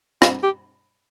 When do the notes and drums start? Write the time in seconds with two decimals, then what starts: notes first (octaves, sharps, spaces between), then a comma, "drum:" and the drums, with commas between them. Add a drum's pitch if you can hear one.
0.22 F4, drum: rim click
0.43 G4